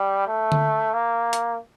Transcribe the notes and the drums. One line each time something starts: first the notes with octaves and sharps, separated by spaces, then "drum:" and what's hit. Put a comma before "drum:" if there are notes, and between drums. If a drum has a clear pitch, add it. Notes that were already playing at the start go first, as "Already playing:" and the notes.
Already playing: G3
A3
drum: tom D3
A#3
drum: hi-hat